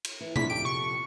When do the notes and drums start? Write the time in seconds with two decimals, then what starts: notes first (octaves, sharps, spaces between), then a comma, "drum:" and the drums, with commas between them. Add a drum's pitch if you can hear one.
0.05 drum: cymbal
0.21 E3
0.36 F2 D4 E4 B6, drum: tom C3
0.50 F2 G4 A4 D7
0.65 C#6